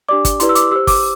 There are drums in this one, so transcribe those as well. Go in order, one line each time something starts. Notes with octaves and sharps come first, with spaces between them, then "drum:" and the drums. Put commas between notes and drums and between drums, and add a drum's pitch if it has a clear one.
D4 G4 D5 D6
drum: kick, hi-hat
E4 G4 B4 D5 C6, drum: hi-hat
E6
D6, drum: hi-hat
G4 C5 E6
D6, drum: kick, open hi-hat